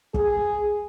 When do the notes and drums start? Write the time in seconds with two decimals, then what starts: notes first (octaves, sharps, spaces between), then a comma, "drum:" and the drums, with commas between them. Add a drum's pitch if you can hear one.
0.14 G#4, drum: kick